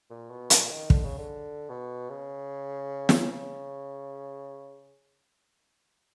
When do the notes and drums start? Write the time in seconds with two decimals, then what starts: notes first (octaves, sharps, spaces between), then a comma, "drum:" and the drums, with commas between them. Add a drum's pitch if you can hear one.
0.10 A#2
0.30 B2
0.50 A#2, drum: hi-hat
0.70 D#3
0.90 D3, drum: kick
1.04 C#3
1.18 D3
1.70 B2
2.10 C#3
3.09 drum: snare
3.31 C#3